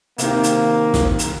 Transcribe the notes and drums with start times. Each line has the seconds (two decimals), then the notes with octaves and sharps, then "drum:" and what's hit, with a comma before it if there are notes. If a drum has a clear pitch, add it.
0.18 C3 D#3 A#3, drum: hi-hat
0.43 drum: hi-hat
0.94 drum: snare
1.19 drum: hi-hat